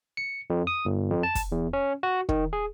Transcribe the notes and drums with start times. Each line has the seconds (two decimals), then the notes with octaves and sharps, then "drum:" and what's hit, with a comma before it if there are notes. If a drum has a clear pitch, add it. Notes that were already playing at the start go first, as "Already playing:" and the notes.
0.17 C#7
0.50 F2
0.67 D#6
0.85 G1
1.10 F2
1.23 A5
1.35 drum: kick, hi-hat
1.52 E2
1.73 C#4
2.03 F#4
2.29 D#3, drum: kick
2.53 G#4